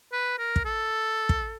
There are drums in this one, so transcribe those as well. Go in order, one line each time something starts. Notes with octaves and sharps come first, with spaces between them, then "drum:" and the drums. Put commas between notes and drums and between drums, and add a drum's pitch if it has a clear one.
B4
A#4
drum: kick
A4
drum: kick